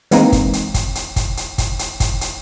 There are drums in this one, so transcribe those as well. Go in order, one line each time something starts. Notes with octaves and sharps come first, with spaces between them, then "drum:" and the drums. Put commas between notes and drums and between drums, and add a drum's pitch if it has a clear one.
E3 G#3 A#3 C4 D#4, drum: hi-hat
drum: kick, hi-hat
drum: hi-hat
drum: kick, hi-hat
drum: hi-hat
drum: kick, hi-hat
drum: hi-hat
drum: kick, hi-hat
drum: hi-hat
drum: kick, hi-hat
drum: hi-hat